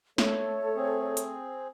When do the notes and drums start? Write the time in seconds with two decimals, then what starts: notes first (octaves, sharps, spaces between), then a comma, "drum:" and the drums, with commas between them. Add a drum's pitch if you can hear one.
0.18 A3 A4 C#5, drum: snare
0.76 C4 G#4
1.17 drum: hi-hat